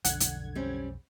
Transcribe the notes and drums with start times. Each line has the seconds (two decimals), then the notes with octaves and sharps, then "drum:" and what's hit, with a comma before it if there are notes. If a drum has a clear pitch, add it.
0.05 B1 F2 D3 F#5 G#6, drum: hi-hat
0.20 drum: hi-hat
0.55 G3 C4 C#4